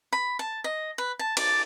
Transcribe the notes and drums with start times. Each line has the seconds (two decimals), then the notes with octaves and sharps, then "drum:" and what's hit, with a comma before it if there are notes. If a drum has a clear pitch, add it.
0.13 B5
0.39 A5
0.64 D#5
0.98 B4
1.19 A5
1.37 D5, drum: cymbal